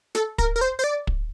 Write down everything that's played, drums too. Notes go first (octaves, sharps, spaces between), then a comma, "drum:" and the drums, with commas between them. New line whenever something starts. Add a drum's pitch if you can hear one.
A4, drum: snare
A#4, drum: kick
A#4
C5
C5
D5
drum: kick